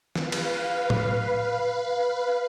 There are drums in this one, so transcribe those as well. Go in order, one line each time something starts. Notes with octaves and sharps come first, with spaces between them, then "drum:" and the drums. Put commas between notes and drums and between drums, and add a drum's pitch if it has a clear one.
B4 F5, drum: snare
drum: cymbal
drum: tom A2